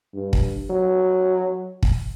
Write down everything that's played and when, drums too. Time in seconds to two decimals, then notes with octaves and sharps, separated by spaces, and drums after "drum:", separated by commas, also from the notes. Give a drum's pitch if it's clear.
0.14 G2
0.33 drum: kick
0.70 F#3
1.83 drum: kick